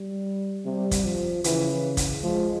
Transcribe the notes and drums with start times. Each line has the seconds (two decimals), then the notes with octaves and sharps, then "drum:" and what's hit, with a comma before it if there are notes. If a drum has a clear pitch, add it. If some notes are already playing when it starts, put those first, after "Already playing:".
Already playing: G3
0.65 C3 G3
0.91 drum: kick, hi-hat
1.05 F3
1.44 C#3 E3, drum: hi-hat
1.97 drum: kick, hi-hat
2.23 F3 G#3